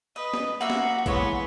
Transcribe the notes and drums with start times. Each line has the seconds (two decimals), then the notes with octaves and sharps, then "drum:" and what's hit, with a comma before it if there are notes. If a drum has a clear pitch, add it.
0.16 B4 D#5
0.34 drum: snare
0.61 A#3 F#4 E5 F#5 E6
0.70 drum: snare
1.06 E3 G#3 B3 C#5, drum: kick A#1, hi-hat